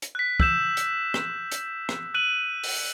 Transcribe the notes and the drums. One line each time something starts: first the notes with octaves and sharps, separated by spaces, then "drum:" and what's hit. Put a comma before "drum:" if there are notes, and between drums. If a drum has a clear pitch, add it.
drum: hi-hat
F#6 B6
E6 G6 E7, drum: kick
drum: hi-hat
drum: rim click
drum: hi-hat
drum: rim click
F#6 D#7 F#7
drum: open hi-hat